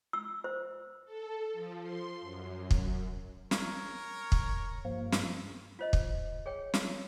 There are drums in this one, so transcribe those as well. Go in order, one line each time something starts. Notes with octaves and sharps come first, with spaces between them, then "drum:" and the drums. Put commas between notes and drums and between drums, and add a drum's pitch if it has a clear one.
E6
C5
A4
F3
C6
F#2
drum: kick
A#4 C#5, drum: snare
drum: kick
G2 F3 A#3
drum: snare
F4 C5 D#5
drum: kick
G#4 C#5 G5
drum: snare